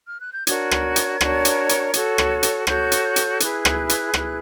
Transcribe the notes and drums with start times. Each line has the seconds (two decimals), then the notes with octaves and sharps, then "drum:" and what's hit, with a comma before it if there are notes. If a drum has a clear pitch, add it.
0.06 F6
0.20 F#6
0.33 G6
0.47 D4 F#4 A#4 C#5 G#6, drum: hi-hat
0.71 drum: rim click
0.96 drum: hi-hat
1.21 D4 F#4 A#4 C#5, drum: rim click
1.45 drum: hi-hat
1.69 drum: hi-hat
1.94 F#4 A4 C#5, drum: hi-hat
2.18 drum: rim click
2.43 drum: hi-hat
2.67 F#4 A4 C#5 G6, drum: rim click
2.92 drum: hi-hat
3.04 G6
3.16 drum: hi-hat
3.40 E4 G#4 B4 F#6, drum: hi-hat
3.65 drum: rim click
3.89 drum: hi-hat
4.14 E4 G#4 B4, drum: rim click